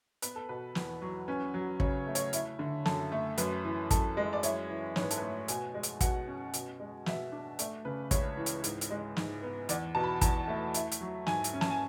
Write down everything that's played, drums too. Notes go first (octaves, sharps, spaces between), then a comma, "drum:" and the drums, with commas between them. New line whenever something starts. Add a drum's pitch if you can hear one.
B3 B4, drum: hi-hat
A4
B2 B4
E2, drum: snare
F#3
C#4 B4
F#3
C#3 C#5, drum: kick
A3
C#5, drum: hi-hat
E4, drum: hi-hat
D3
F#2 A4, drum: snare
A3
F#2 B4, drum: hi-hat
E3
F#2 A4, drum: kick, hi-hat
G#3
D5
E4 C#5, drum: hi-hat
E3
G#2 C#5, drum: snare
B4
A4, drum: hi-hat
B4
A3
B2 G#5, drum: hi-hat
G#3
drum: hi-hat
B2 F#5, drum: kick, hi-hat
C#4
B2, drum: hi-hat
G#3
B2 E5, drum: snare
D4
A3 D5, drum: hi-hat
C#3 B4
C#2 C#5, drum: kick, hi-hat
E3
drum: hi-hat
G#2, drum: hi-hat
drum: hi-hat
G#3
G#2, drum: snare
B3
E2 D5, drum: hi-hat
B2 A5
B5
E2 A5, drum: kick, hi-hat
A3
E4, drum: hi-hat
drum: hi-hat
F#3
G#2 G#5, drum: snare
drum: hi-hat
C#4
A5, drum: snare
G#5